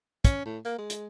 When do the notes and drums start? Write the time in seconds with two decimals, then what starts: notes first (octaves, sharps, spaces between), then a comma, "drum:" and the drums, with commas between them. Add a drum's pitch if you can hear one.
0.25 C#4, drum: kick, hi-hat
0.45 A2
0.65 A#3
0.78 G#3
0.90 drum: hi-hat